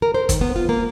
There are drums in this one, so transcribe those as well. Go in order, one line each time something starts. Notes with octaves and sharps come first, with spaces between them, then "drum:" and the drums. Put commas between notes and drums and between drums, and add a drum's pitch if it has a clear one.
A#4
C5
D#3, drum: kick, hi-hat
B3
F4
A#3